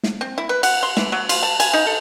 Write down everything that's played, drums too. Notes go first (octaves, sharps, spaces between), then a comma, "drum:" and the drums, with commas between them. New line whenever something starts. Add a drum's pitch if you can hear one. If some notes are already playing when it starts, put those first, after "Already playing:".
drum: snare
C4
E4
B4
F#5, drum: cymbal
C6
E3, drum: snare
F#3
F4, drum: cymbal
A5
G#5, drum: cymbal
D#4
A4